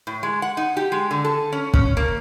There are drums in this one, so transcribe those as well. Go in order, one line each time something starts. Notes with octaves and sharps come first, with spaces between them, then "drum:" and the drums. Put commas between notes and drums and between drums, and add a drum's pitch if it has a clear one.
A2
G#3
F#5
D#4
G4
G#3
D3
A4
C#4
C#4, drum: kick
A#3